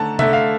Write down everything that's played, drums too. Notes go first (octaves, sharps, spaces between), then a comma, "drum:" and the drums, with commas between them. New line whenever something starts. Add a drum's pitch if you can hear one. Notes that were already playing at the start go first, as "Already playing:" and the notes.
Already playing: D3 A3 A5 A#5
D3 A3 E5, drum: tom C3
F5